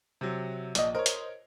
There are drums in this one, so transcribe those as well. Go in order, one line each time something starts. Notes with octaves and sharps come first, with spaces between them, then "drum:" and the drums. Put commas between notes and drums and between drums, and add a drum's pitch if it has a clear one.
C3 F#3
A#1 D5 D#5, drum: hi-hat
A#4 C5 C#5 D#5
drum: hi-hat